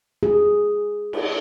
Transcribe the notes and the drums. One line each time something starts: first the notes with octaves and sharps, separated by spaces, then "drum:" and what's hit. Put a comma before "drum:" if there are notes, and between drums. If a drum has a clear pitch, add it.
G#4
drum: cymbal